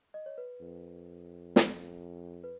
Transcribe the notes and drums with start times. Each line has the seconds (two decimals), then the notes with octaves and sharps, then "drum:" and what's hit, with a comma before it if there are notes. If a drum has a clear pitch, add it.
0.14 D#5
0.26 C#5
0.38 B4
0.61 F2
1.56 drum: snare
2.44 B4